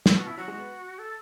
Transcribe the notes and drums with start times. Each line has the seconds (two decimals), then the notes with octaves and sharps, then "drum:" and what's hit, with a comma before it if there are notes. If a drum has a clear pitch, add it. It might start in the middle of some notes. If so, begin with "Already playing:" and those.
0.06 B2 E4, drum: snare
0.16 B2 F#4
0.27 B2 E4
0.37 F#3 F#4
0.48 G#3
0.58 B3
0.99 A4